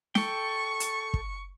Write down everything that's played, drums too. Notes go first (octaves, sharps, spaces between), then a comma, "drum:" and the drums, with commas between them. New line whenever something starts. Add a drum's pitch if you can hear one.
A4 G5 C#6, drum: snare
drum: hi-hat
drum: kick